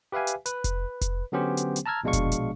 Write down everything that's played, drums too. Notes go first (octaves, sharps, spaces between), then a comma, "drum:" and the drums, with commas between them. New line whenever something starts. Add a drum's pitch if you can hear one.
G4 B4 E5 F5 G#5
drum: hi-hat
B4, drum: hi-hat
drum: kick F1, hi-hat
drum: kick F1, hi-hat
D3 F#3 B3 C#4 G4 C5
drum: hi-hat
drum: hi-hat
A5 A#5 E6 F6 G#6
A#1 B2 G#3 D4 F5 C#6
drum: kick F1, hi-hat
drum: hi-hat